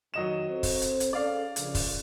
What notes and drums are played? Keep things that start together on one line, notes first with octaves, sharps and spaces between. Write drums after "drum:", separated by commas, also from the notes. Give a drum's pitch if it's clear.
F2 D#3 F#3 D#5 E7
C4 A4 C5
drum: kick, open hi-hat
drum: hi-hat
drum: hi-hat
C#4 G#4 A4 D5 F5
A#1 C#3, drum: hi-hat
drum: kick, open hi-hat